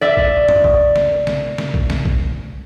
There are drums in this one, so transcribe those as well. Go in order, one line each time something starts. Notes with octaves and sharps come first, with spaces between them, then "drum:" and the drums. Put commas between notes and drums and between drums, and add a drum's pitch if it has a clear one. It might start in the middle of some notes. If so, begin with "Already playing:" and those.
D5 E5
drum: kick
drum: tom
drum: kick
drum: snare
drum: snare
drum: snare
drum: kick
drum: snare
drum: kick